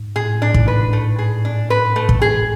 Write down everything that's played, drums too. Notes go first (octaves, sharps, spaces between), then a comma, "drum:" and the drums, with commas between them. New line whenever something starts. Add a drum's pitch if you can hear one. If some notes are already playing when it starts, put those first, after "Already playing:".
Already playing: G#2
A2 G#4
D4
A2
G#2, drum: kick
B4
A3
G#4
D4
B4
A3
drum: kick
G#4